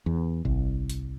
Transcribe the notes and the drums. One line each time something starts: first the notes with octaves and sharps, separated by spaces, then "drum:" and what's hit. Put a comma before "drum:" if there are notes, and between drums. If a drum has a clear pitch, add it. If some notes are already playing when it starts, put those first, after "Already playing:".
E2
C2, drum: kick G#1
drum: hi-hat